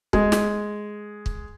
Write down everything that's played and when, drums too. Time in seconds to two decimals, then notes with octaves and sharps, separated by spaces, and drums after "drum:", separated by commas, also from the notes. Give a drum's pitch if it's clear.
0.13 G#3, drum: kick
0.32 drum: snare
1.26 drum: kick